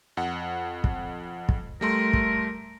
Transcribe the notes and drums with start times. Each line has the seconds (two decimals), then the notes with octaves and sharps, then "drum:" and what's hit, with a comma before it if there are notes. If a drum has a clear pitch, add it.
0.17 F2 F#5
0.84 drum: kick
1.49 drum: kick
1.81 G3 A3 A#4 C6
2.13 drum: kick